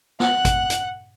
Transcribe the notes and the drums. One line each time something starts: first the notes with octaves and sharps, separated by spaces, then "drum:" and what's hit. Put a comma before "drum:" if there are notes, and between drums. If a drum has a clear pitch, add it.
F#5 F#6, drum: snare
drum: kick G#1, hi-hat
drum: hi-hat